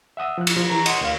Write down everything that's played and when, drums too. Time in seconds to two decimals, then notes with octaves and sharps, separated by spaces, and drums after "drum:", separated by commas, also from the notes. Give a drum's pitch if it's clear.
0.17 E5 F#5 D#6 E6
0.38 F3 F#6
0.47 drum: cymbal
0.57 F3
0.70 E3 A#5
0.86 D#5 F#5 C6 D#6, drum: cymbal
1.01 D2 F5